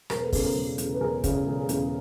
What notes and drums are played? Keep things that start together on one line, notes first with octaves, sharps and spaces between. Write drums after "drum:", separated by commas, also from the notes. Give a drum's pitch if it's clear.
E1 A#4 C5, drum: rim click
A4 B4
E2 C#3 A4 B4, drum: kick, open hi-hat
A#4 C5
E1
E2 C#3, drum: hi-hat
B4
E1 G#4 A#4
E2 C#3, drum: kick, hi-hat
E1
E2 C#3, drum: hi-hat